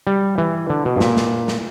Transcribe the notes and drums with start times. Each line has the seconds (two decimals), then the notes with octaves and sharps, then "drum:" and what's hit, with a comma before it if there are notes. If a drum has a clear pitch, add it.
0.07 G3
0.38 E3
0.70 D3
0.85 B2
0.96 G2
1.00 A#2, drum: snare
1.17 drum: snare
1.48 drum: snare